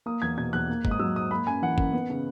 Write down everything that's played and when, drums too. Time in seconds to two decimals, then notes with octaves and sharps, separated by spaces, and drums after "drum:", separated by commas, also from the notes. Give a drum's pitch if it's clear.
0.06 A#3 D#6
0.22 E2 G#6
0.38 B2 G#6
0.53 E2 F#6
0.69 A#3
0.85 G#2, drum: kick G1
0.91 D#6
0.99 F#3 E6
1.15 G#2 D#6
1.31 A#3 B5
1.47 F#2 G#5
1.62 E3 F#5
1.78 F#2, drum: kick G1
1.93 B3
2.10 C#3